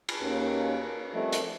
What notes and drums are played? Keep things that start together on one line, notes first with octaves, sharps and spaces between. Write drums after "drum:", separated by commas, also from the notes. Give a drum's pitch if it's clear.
drum: cymbal
D#2 A#3 C#4
F3 G3 A3 C4 A#4 D#5
drum: hi-hat